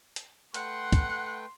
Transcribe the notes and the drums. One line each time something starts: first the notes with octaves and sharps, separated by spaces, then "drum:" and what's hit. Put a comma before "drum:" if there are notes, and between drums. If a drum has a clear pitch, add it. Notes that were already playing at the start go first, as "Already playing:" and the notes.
drum: hi-hat
A3 B4 F#5 G5 C6, drum: hi-hat
drum: kick, hi-hat